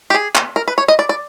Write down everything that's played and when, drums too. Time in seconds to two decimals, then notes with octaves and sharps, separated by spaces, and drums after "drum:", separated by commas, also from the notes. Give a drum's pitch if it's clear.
0.10 G4
0.14 G#4
0.35 drum: clap
0.56 A#4
0.68 B4
0.78 C#5
0.88 D#5
0.99 D5
1.09 D5